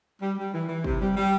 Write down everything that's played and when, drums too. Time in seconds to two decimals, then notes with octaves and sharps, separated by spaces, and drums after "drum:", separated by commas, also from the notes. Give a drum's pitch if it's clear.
0.21 G3
0.37 G3
0.53 E3
0.68 E3
0.84 C3, drum: kick
1.00 G3
1.16 G3